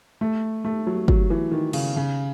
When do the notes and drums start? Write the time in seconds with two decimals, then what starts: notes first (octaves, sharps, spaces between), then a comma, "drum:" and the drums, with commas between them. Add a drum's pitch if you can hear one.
0.21 A3
0.64 A3
0.87 F#3
1.08 F#3, drum: kick G1
1.30 E3
1.51 D#3
1.73 C#3, drum: cymbal
1.96 C#3